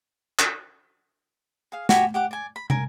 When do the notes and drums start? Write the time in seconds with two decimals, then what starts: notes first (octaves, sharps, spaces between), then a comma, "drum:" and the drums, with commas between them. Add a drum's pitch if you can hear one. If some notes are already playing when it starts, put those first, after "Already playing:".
0.39 drum: clap
1.72 G#4 F5
1.89 F#4 G4 G#5 B5, drum: snare
2.14 G4 F#5 D6
2.31 D5 G#5
2.56 B5
2.70 A#4 G#5, drum: tom